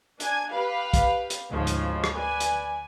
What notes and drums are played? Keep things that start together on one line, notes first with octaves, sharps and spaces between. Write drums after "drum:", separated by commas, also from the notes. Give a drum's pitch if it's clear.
D4 G#5 G#6, drum: hi-hat
G4 B4 F5
drum: kick, hi-hat
drum: hi-hat
D2 G#2 C#3 F3
drum: hi-hat
drum: rim click
B4 D5 G#5
drum: hi-hat